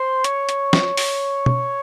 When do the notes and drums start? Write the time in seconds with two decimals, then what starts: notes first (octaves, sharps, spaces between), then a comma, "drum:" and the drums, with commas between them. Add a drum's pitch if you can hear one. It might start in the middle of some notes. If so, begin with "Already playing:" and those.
Already playing: C5
0.24 C#5, drum: hi-hat
0.49 drum: hi-hat
0.73 drum: snare
0.97 drum: open hi-hat
1.46 drum: tom B2